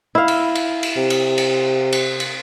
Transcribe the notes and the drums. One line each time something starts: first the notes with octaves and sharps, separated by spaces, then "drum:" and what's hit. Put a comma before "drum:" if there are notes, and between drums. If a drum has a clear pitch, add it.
E4 F5
drum: cymbal
drum: cymbal
drum: cymbal
C3
drum: cymbal
drum: cymbal
drum: cymbal
drum: cymbal